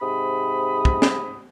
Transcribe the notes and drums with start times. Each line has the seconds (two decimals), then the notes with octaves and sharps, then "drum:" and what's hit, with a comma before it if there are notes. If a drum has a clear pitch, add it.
0.01 G#2 C3 B5 D#6
0.85 drum: kick
1.02 drum: snare